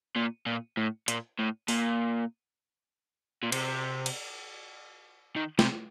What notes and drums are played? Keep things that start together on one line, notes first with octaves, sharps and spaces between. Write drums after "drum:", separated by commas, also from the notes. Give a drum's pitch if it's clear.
A#2
A#2
A2
A#2, drum: hi-hat
A2
A#2, drum: open hi-hat
A#2
C3, drum: cymbal
drum: cymbal
D#3
C3, drum: snare